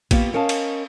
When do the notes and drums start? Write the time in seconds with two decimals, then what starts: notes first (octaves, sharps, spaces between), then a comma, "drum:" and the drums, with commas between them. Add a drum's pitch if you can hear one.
0.11 A#3 B3 F4 G4, drum: kick A1, cymbal
0.34 C#4 A#4 D#5 F5 A5
0.49 drum: cymbal